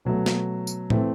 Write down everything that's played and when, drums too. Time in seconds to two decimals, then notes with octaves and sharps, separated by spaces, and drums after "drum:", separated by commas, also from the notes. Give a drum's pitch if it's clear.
0.05 B2 F#3 A3
0.26 drum: snare
0.67 drum: tambourine
0.90 E3 A3 C4, drum: tom A2